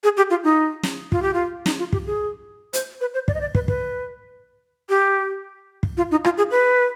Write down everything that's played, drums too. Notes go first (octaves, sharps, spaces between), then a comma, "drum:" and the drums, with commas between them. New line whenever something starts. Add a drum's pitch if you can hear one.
G#4
G4
F4
D#4
drum: snare
F4, drum: kick
G4
F4
D#4, drum: snare
F4
G4, drum: kick
G#4
C5, drum: hi-hat
B4
C5
D5, drum: kick
D#5
D5
B4, drum: kick
B4, drum: kick
G4
drum: kick
F4
D#4
F4, drum: rim click
G#4
B4